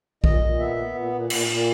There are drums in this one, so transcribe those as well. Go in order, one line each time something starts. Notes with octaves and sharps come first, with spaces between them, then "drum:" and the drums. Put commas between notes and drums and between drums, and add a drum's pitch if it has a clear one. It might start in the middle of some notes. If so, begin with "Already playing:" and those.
A#2 D#5, drum: kick A#1
A#2
B3 E5
B3
A#2
A#2
A#2, drum: cymbal
A#2